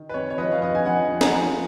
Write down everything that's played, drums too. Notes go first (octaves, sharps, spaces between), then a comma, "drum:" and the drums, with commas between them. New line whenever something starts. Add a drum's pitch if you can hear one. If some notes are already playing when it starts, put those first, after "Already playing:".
Already playing: D#3
B4
F2 C#5
C#5
F3 B4 D#5
F5
F2 B4 D#5
G#5
F3 D#5 F#5
F2
F#5 A#5, drum: snare
F3